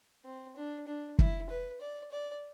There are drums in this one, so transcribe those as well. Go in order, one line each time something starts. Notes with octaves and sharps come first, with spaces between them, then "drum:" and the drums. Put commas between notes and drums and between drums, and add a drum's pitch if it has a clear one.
C4
D4
D4
E4, drum: kick
B4
D5
D5